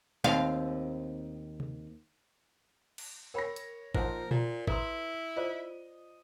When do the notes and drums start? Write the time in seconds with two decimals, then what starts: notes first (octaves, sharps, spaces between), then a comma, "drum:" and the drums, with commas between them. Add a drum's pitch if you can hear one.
0.24 D#2 C4 F5
1.60 drum: tom C3
2.98 drum: cymbal
3.34 A#4 C#5 G5 B5 A#6
3.56 drum: hi-hat
3.95 A#2 F3 D#4 A#4 C5 F#5 A5, drum: kick
4.31 A#2 F4 A#5, drum: tom A#2
4.67 E4 A4 B4 A#5 C6, drum: kick
5.36 F4 C5 D5 D#5